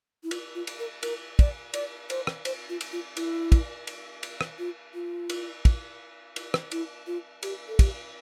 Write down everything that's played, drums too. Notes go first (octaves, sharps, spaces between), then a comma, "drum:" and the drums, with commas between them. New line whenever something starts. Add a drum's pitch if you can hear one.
E4
F4, drum: cymbal
F4
drum: cymbal
A#4
A#4, drum: cymbal
D5, drum: kick, cymbal
D5, drum: cymbal
C5, drum: cymbal
drum: rim click
C5, drum: cymbal
F4
drum: cymbal
F4
E4, drum: cymbal
drum: kick, cymbal
drum: cymbal
drum: cymbal
drum: rim click
F4
F4
drum: cymbal
drum: kick, cymbal
drum: cymbal
drum: rim click
E4, drum: cymbal
F4
G4, drum: cymbal
A4
G4, drum: kick, cymbal